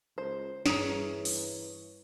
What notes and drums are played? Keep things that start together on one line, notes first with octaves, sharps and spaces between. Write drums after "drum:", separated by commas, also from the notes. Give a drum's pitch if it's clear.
C#2 C5
G2 E3 C#4 G#4 A#5, drum: snare
drum: open hi-hat